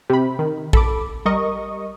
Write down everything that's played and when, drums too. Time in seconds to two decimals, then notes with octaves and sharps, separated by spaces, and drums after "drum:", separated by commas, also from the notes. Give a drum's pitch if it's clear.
0.10 C3 B5
0.39 D#3
0.73 A4 B5 D6, drum: kick A#1
1.25 G3 A#4 D#5 C#6 D#6